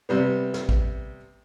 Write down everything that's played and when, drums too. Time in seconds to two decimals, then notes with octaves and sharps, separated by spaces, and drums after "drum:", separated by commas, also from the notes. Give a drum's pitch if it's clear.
0.09 C3 G3 B3
0.54 drum: snare
0.69 drum: kick A1